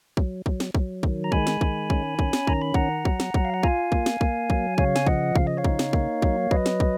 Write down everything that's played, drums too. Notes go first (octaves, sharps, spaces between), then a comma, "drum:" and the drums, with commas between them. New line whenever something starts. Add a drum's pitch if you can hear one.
F#3, drum: kick
F#3, drum: kick
drum: snare
F#3, drum: kick
D#3, drum: kick
A#5
G#3 G#5 B5, drum: kick
drum: snare
D#3, drum: kick
C#4, drum: kick
C#4, drum: kick
drum: snare
D#3 A#5, drum: kick
B5
D#3 F#5 A#5, drum: kick
F#3, drum: kick
drum: snare
F#3, drum: kick
F5
F#5
F4 F5 G#5, drum: kick
A#3, drum: kick
drum: snare
A#3, drum: kick
F#3, drum: kick
C#3 C#5 F5, drum: kick
G#5, drum: snare
F3 D#5 F#5, drum: kick
C#3 F5, drum: kick
D#5
C#5 F5
D#4, drum: kick
drum: snare
A#3, drum: kick
F#3, drum: kick
F#3 B4 D#5, drum: kick
drum: snare
drum: kick